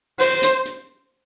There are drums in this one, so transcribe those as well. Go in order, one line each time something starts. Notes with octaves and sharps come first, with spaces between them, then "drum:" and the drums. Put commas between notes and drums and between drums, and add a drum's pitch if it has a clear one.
C5, drum: open hi-hat
drum: hi-hat
drum: hi-hat